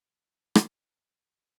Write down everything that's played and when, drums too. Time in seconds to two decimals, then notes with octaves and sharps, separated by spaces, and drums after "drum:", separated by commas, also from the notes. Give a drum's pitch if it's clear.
0.10 E3
0.55 drum: rim click
0.98 G2